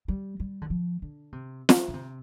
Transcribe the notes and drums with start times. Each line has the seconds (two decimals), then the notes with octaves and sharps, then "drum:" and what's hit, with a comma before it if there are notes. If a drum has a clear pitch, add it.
0.08 G3
0.40 G3
0.62 D3
0.70 F3
1.02 D3
1.32 C3
1.69 drum: snare
1.88 D3
1.94 C3